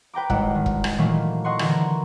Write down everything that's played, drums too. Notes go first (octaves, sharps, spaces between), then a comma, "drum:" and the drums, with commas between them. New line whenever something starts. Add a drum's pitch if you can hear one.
B4 G5 A#5 D6
G#1 G#2 G3 E4 F#5, drum: kick E1
D#3
drum: kick E1
drum: rim click
A#2 D#3 E3 F#3 A3 A#3
D#5 F#5 C6 C#6
D3 E3 A#4, drum: rim click